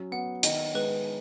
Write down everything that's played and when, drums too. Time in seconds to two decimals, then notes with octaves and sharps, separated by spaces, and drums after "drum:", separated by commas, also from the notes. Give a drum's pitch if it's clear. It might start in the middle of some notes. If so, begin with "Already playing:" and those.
Already playing: F#3 C#4
0.12 B3 F#5
0.43 D#3 D#5, drum: hi-hat
0.74 G#3 B4